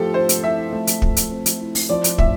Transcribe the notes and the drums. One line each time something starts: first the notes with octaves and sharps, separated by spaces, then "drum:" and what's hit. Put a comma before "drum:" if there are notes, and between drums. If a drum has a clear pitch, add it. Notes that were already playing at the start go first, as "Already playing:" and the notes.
Already playing: F3 A3 F4 G4 A4
C4 C5
drum: hi-hat
E4 E5
A3
drum: hi-hat
F3, drum: kick
drum: hi-hat
C4
drum: hi-hat
E4
drum: open hi-hat
F3 D5
drum: hi-hat
A2 E5, drum: kick